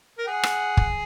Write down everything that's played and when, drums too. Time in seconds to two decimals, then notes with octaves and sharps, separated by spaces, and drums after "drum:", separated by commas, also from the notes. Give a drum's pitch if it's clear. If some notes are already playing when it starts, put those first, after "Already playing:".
0.18 A#4
0.27 G#4 F#5
0.43 drum: rim click
0.77 drum: kick